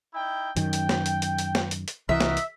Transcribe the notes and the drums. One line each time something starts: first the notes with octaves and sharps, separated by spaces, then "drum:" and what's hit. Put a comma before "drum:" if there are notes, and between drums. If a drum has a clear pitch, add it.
D#4 E4 G5
F#2 D#3 G5, drum: hi-hat
drum: hi-hat
drum: snare
drum: hi-hat
drum: hi-hat
drum: hi-hat
drum: snare
drum: hi-hat
drum: hi-hat
C2 E3 F#4 A#4 D#5 E5
drum: snare
drum: hi-hat